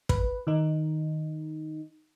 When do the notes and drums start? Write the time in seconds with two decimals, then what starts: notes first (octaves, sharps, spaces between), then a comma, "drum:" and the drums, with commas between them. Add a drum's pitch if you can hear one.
0.09 B4, drum: kick
0.47 D#3 D#4